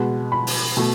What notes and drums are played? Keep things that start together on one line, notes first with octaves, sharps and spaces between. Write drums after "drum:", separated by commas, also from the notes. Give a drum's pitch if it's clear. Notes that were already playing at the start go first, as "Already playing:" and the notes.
Already playing: B2 G#3 B3
B5
drum: open hi-hat
B2 A3